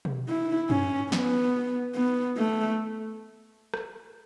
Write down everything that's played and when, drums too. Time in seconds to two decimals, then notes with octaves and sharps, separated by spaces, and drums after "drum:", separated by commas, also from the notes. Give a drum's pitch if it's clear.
0.05 drum: tom B2
0.28 E4
0.70 C#4, drum: tom F#2
1.12 B3, drum: snare
1.95 B3
2.37 A3
3.74 drum: rim click